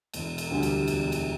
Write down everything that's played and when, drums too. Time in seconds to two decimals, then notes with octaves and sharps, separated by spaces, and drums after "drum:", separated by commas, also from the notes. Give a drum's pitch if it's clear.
0.14 E1, drum: cymbal
0.38 drum: cymbal
0.51 D2 D3 G3
0.63 drum: cymbal
0.88 E1, drum: cymbal
1.12 drum: cymbal